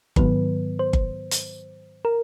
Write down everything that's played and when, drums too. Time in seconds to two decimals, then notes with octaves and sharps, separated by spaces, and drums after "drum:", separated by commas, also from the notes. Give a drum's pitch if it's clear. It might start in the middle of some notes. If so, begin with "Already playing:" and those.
0.16 G#2 D#3 F#3 B3 B4, drum: kick G1
0.79 C5
0.93 drum: kick G1
1.31 drum: hi-hat
2.05 A#4